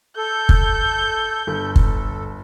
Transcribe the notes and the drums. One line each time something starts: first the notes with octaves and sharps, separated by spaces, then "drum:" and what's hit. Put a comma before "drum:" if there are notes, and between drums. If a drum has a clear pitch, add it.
A4 G6
drum: kick
G1 A4
drum: kick